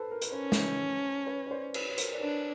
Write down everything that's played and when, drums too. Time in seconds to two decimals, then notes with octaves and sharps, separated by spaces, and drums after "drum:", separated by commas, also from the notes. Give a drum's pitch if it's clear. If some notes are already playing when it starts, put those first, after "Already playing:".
Already playing: A4 B4 C5
0.11 A#4
0.22 B4, drum: hi-hat
0.32 C#4 A#4 C5
0.52 drum: snare
1.26 B4 C#5
1.47 C#5
1.51 C5 D5
1.74 B4 C#5, drum: cymbal
1.90 C#5
1.98 A#4 C5, drum: hi-hat
2.13 D5
2.21 D4 B4 C#5